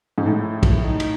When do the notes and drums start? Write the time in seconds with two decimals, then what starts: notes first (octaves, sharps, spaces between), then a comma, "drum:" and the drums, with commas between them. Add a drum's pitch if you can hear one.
0.18 G#2
0.26 A2 E4
0.63 drum: kick, cymbal
0.82 D#4
1.00 drum: cymbal